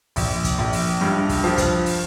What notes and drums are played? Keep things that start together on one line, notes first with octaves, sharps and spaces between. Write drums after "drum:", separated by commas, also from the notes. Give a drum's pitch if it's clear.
A#1, drum: kick, open hi-hat
drum: kick, hi-hat
A#1
drum: open hi-hat
G2
drum: kick, open hi-hat
F3
drum: kick, hi-hat
drum: open hi-hat